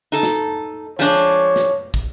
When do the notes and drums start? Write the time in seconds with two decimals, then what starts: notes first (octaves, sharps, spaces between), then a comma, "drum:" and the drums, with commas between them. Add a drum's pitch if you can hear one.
0.12 D#4 A4
0.23 drum: snare
0.99 F3 G#3 D4 C#5
1.56 drum: snare
1.94 drum: kick